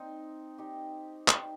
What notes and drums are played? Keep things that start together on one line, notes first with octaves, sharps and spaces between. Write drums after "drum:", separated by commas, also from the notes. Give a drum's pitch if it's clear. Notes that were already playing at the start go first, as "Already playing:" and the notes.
Already playing: C4 D#4
D#4 G4
D#4 G4, drum: clap